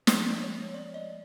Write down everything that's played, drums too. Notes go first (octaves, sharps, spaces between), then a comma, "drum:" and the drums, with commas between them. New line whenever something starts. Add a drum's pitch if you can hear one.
C5, drum: snare
F3 G#3 C4 C#5
C#5
D5
D#5